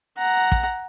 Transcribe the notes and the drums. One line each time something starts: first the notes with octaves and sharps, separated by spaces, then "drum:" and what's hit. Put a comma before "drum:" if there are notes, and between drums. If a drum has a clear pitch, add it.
F#5 A#5
drum: kick